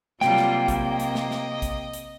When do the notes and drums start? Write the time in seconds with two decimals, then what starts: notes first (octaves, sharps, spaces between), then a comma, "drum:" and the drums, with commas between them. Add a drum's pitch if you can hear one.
0.21 C3 F#3 G3 A#3 F4 G5, drum: snare
0.37 drum: snare
0.68 drum: kick A#1, hi-hat
0.90 D#5
1.00 drum: hi-hat
1.15 drum: snare
1.31 drum: snare
1.62 drum: kick A#1, hi-hat
1.93 drum: hi-hat